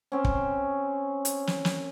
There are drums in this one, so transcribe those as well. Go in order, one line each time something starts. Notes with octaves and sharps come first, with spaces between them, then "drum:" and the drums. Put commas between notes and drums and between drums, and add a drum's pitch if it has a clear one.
C4 C#4
drum: kick
drum: hi-hat
drum: snare
drum: snare